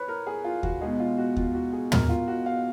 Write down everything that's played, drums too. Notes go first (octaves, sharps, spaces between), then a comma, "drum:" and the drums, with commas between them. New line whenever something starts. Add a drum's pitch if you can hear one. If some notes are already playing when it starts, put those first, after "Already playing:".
Already playing: B4 C#5
A#4
G#4
F4
F#4, drum: kick D#2
B2 G#3 D#4 G#4
F4
F#4
F4, drum: kick D#2
F#4
G#4
A#4, drum: tom
F4
F#4
F5